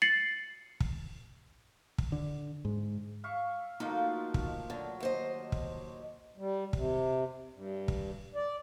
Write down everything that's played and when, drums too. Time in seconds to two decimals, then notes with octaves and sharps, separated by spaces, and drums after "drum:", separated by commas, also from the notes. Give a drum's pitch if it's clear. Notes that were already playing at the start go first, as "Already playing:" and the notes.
0.02 A6 C7 C#7 F#7
0.80 drum: kick
1.98 drum: kick
2.12 D3
2.65 G#2
3.24 E5 F5 C#6
3.80 F3 A3 A#3 D#4 F4 F#4
4.34 drum: kick
4.70 D3 F#3
5.00 D#2 C5 D#5
5.52 drum: kick
6.37 G3
6.73 C3, drum: kick
7.53 G2
7.88 drum: kick
8.35 D5